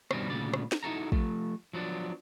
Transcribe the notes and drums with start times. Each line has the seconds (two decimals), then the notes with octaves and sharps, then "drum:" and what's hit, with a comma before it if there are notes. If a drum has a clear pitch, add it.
0.11 G2 B2 D#3 G3 C4 C#4, drum: rim click
0.30 D2 A#2 C#3 G3 B3 D5
0.54 drum: rim click
0.72 drum: snare
0.83 D#4 E4 F#4 A4 A#5
1.12 F3 A3, drum: kick
1.73 F3 F#3 B3 D4